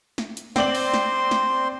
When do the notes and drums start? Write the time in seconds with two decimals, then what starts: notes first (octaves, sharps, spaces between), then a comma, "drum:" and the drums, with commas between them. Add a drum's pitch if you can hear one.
0.18 drum: snare
0.37 drum: hi-hat
0.56 C4 C5 D5 C6 F#7, drum: snare
0.75 drum: open hi-hat
0.94 drum: snare
1.31 drum: snare